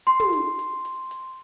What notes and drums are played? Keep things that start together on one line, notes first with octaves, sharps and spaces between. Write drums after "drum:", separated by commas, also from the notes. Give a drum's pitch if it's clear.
C6, drum: hi-hat
drum: tom
drum: hi-hat
drum: hi-hat
drum: hi-hat
drum: hi-hat